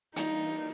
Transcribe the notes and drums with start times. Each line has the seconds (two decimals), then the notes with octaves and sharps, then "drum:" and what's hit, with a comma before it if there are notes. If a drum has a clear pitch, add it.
0.16 E3 G3 A#3 D4 D#4 F4, drum: hi-hat